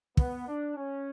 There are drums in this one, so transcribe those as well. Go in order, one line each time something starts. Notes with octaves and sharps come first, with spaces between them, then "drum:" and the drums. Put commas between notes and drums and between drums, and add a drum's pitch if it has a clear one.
B3, drum: kick
D4
C#4